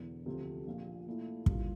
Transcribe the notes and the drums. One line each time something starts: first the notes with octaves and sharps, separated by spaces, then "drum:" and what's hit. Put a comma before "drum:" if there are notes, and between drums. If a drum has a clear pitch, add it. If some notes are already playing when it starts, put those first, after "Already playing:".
Already playing: E1 E2 D3
D2 C3 F3 A3 C4
A#1 A#2 F3 A#3
A#2 A3 E4
G2 E3 G3 A#3 F4, drum: kick